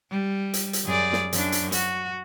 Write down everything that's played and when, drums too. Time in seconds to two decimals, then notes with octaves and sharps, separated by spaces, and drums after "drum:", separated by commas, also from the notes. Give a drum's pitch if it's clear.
0.11 G3
0.54 drum: hi-hat
0.73 drum: hi-hat
0.85 F#2 G#4 D5
1.13 drum: snare
1.33 F#2 D4, drum: hi-hat
1.52 drum: hi-hat
1.72 F#4, drum: hi-hat